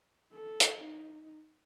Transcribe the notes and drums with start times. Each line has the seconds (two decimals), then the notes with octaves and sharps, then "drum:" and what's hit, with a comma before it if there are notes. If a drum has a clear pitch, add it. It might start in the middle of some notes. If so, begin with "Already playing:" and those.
0.33 A4
0.60 drum: hi-hat
0.84 D#4